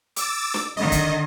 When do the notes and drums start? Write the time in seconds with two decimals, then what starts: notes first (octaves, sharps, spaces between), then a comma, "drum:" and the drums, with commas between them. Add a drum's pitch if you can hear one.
0.16 D6 E6 A6, drum: hi-hat
0.54 drum: snare
0.77 D3 D#3 D#5
0.92 drum: kick, hi-hat